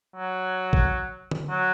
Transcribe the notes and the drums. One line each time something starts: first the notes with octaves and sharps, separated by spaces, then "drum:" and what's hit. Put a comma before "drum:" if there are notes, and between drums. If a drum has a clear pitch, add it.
F#3
drum: kick A#1
drum: tom D3
F#3